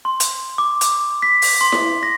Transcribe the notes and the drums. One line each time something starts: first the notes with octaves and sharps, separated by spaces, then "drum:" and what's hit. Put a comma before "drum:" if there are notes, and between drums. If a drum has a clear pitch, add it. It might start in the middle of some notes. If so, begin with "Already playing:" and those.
C6
drum: hi-hat
D6
drum: hi-hat
B6
drum: open hi-hat
C6
drum: snare E4
A#6